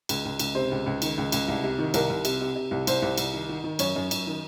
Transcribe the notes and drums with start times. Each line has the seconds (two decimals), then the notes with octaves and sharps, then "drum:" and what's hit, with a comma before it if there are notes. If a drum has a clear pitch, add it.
0.09 C#2, drum: cymbal
0.25 C#2
0.39 C#2, drum: cymbal
0.55 C3 C5
0.71 C#2
0.86 C#2
1.02 D#3, drum: cymbal
1.18 C#2
1.32 C#2, drum: cymbal
1.48 C2
1.64 C3
1.78 D#3
1.94 C2 A#4, drum: cymbal
2.10 C2
2.25 C3, drum: cymbal
2.41 C3
2.55 C3
2.71 C2
2.87 C2 C5, drum: cymbal
3.02 C2
3.18 C2, drum: cymbal
3.34 D#3
3.49 D#3
3.64 D#3
3.79 F#2 C#5, drum: cymbal
3.96 F#2
4.11 F#2, drum: cymbal
4.27 D#3